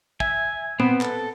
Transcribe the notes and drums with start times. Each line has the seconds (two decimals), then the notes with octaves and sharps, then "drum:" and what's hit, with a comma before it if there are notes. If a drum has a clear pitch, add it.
0.20 E5 G#5, drum: kick
0.80 B3 C4, drum: tom A#2
1.01 A4, drum: clap